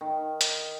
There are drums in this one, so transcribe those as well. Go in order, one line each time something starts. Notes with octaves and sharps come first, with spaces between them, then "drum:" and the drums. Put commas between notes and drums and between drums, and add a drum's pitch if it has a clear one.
D#3
drum: hi-hat